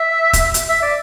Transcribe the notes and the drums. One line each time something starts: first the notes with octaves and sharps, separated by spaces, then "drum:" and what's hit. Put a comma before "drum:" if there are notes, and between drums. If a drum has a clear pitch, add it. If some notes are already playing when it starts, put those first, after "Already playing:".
Already playing: E5
drum: kick, hi-hat
drum: hi-hat
E5
D5